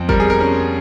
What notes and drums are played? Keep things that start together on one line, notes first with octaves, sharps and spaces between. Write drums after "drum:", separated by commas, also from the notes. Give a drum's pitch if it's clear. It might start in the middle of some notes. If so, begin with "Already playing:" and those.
Already playing: F2 C4
G3 A#4, drum: kick
G#4
A#4
C#4